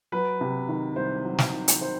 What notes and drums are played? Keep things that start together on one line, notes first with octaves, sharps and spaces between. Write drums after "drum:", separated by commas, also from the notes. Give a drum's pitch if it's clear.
F#3 B4
C3
D#3
C2 C5
F#3
drum: snare
D#3
drum: hi-hat
D#3 C5